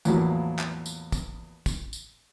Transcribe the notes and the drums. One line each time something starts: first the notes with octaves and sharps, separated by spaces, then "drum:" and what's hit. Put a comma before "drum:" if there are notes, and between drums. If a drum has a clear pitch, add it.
E2 A2 F3 F#3 A#3, drum: tambourine
drum: clap
drum: tambourine
drum: kick, tambourine
drum: kick, tambourine
drum: tambourine